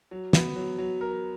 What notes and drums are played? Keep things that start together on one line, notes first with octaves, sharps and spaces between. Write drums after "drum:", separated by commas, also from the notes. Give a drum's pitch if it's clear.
F#3
B3, drum: snare
F#3
F#3
A#4